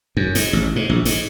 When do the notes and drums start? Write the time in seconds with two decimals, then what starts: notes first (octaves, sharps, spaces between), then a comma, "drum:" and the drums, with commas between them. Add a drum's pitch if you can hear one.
0.17 F#2
0.35 G#2, drum: hi-hat
0.53 A1
0.76 G#2
0.89 A#1
1.05 G#2, drum: hi-hat